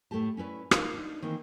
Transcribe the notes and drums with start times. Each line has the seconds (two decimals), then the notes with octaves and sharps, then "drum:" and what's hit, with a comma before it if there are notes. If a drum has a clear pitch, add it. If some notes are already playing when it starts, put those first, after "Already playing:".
0.11 A2 A3 E4 G4 A5
0.37 C#4 E4 B4 D5
0.71 D#4 F4 A#4 F5, drum: rim click
0.94 D4 D#4
1.22 D#3 E3 A#3 C4